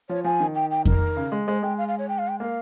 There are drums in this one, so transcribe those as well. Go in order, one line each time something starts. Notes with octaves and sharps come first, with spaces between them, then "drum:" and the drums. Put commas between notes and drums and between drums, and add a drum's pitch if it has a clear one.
F3 C#5
F3 G#5
D#3
G5
G5
A#4, drum: kick F2
C#3
G#3
G#3 C5
G#3 G5
F5
F5
C#5
G5
F5
G5
A#3 F5